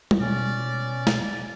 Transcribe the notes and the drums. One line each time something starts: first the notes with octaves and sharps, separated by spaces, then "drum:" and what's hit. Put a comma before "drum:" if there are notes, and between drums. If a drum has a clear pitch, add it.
drum: tom G3
B2 C#4 D5
drum: snare